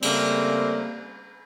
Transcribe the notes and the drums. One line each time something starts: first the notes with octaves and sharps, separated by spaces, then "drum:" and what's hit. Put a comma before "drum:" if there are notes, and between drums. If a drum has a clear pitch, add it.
C#3 G3 A3 A#3 C4, drum: cymbal